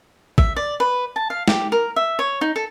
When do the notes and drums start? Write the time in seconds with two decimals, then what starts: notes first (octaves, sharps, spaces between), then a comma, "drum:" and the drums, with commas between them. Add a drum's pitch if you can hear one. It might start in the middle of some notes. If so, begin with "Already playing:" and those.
0.38 E5, drum: kick A1
0.56 D5
0.80 B4
1.16 A5
1.30 F5
1.48 G4, drum: snare
1.72 A#4
1.96 E5
2.19 C#5
2.41 D#4
2.56 A4